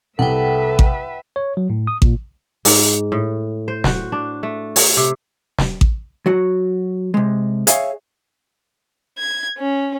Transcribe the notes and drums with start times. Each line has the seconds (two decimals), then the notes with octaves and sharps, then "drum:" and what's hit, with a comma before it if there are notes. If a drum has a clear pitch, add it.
0.19 C2 A4 B4 E5 F#5 G5
0.79 drum: kick A1
1.36 C#5
1.57 F#3
1.70 A2
1.87 D#6
2.02 A#2, drum: kick A1
2.65 G#2, drum: open hi-hat
3.12 A2
3.68 C5
3.84 F#4, drum: snare
4.12 D4
4.43 A3
4.76 C#5, drum: open hi-hat
4.97 C3
5.59 drum: snare
5.81 drum: kick A1
6.26 F#3 F#4
7.14 C3 G#3
7.67 G#4 C#5 E5 F5 G#5, drum: hi-hat
9.18 G#6
9.58 C#4